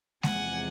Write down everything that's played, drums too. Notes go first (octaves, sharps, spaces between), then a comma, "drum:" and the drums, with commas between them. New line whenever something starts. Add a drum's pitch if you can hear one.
E2 C3 F3 G#3 F#5 G#5, drum: snare G#3